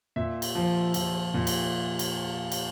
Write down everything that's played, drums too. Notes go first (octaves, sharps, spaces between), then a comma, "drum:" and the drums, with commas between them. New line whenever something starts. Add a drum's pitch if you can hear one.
A#2 E5
drum: cymbal
F3
F3, drum: cymbal
A#2
drum: cymbal
drum: cymbal
drum: cymbal